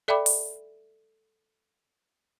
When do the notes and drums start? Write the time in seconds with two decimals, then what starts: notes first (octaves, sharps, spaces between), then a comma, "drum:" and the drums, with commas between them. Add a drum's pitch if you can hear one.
0.08 A4 D5 E5 G5 B5 D6
0.26 drum: open hi-hat